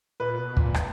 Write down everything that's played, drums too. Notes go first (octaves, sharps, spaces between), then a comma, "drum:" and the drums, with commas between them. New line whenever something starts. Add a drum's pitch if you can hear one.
A#2 B4
B2
A#2, drum: kick
drum: rim click